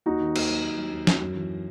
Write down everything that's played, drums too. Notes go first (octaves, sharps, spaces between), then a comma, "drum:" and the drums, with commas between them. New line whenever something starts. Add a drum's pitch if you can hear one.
D#2 D#4 F#4
D#3
D#2, drum: cymbal
F#3
D#2
F#3
D#2
F#3, drum: snare
F#2
E3